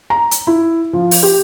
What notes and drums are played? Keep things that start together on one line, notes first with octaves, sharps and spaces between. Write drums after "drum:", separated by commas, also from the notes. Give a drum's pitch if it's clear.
A#5
drum: hi-hat
E4
F3
drum: open hi-hat
G4